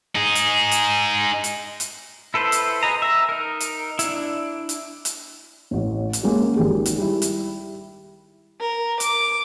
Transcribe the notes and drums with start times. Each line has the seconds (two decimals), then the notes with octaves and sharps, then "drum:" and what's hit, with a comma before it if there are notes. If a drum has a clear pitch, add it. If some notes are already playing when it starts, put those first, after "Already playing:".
0.15 D#4 G#4
0.35 drum: hi-hat
0.72 drum: hi-hat
1.44 drum: hi-hat
1.80 drum: hi-hat
2.34 E4 A4 B4 C5
2.52 drum: hi-hat
2.83 G#4 B4 D#5 A#5
3.02 E5 A#5
3.29 D#4 A#4
3.60 drum: hi-hat
3.99 D4 E4, drum: hi-hat
4.69 drum: hi-hat
5.05 drum: hi-hat
5.71 A1 A2
6.13 drum: hi-hat
6.23 G#3 A#3 C#4 F#4 G#4
6.56 G#1 D#3 G4 G#4
6.86 drum: hi-hat
6.98 G3 E4
7.22 drum: hi-hat
8.60 A#4
9.00 D6, drum: hi-hat